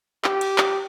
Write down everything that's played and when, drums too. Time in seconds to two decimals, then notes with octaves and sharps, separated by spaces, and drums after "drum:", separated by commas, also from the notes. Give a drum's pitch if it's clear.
0.24 G4, drum: clap
0.41 drum: cymbal
0.58 drum: clap